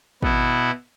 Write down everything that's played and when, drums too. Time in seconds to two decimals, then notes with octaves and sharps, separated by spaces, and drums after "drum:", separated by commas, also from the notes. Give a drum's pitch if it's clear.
0.23 B2 B3 E4, drum: kick